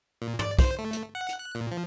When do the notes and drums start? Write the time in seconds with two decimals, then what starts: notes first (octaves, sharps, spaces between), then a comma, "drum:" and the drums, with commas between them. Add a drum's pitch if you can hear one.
0.22 A#2
0.39 D5, drum: tom
0.59 C5, drum: kick, hi-hat
0.79 A3
0.93 drum: hi-hat
1.15 F#5
1.29 drum: hi-hat
1.39 F#6
1.55 A#2
1.71 F3